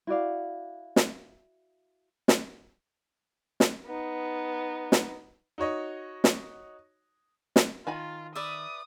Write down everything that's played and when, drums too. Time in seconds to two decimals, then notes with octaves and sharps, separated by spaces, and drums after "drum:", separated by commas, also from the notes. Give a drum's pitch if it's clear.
0.07 E4 F#4 D5 F5
0.96 drum: snare
2.28 drum: snare
3.60 drum: snare
3.86 B3 D#4
4.92 drum: snare
5.58 D#4 F#4 C#5 D#5
6.24 drum: snare
7.56 drum: snare
7.87 D#3 F4 G#5 B5
8.35 B4 D5 E5 D#6